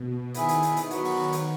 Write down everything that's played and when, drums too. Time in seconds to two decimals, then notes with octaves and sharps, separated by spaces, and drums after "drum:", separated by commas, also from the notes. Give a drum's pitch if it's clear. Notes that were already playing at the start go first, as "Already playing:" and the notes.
Already playing: B2
0.34 D#3 B3 E4 G#4, drum: hi-hat
0.49 drum: hi-hat
0.63 drum: hi-hat
0.77 drum: hi-hat
0.91 F#3 B3 F#4, drum: hi-hat
1.05 drum: open hi-hat
1.33 drum: hi-hat